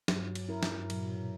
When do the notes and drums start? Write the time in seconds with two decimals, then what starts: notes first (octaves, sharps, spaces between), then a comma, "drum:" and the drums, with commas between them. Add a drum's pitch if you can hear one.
0.08 G2 F#3, drum: snare
0.35 drum: cymbal
0.49 C#4 E4 A#4
0.63 drum: snare
0.78 G2
0.90 A#2 F#3, drum: cymbal
1.01 A#2
1.10 B2